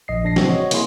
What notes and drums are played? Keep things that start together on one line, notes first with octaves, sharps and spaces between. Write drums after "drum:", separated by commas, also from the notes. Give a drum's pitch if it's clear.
A#1 D#5 C7
A#1 D4 A#6 C7
C#3 E3 F3 G3 C4 F#4, drum: snare
F#4 C#5 D#5
C3 A#3 E4 G#4 C6, drum: hi-hat